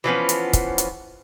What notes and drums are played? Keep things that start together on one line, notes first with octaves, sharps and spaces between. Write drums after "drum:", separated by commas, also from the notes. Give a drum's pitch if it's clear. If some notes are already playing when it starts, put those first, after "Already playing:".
E3 F3 B3 C#4
drum: hi-hat
drum: kick, hi-hat
drum: hi-hat